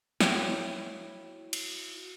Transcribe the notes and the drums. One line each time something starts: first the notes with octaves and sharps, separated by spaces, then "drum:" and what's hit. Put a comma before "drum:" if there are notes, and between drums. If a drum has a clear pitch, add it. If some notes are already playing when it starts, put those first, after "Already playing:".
E4 F#4 C#5 F5 G5, drum: snare
drum: cymbal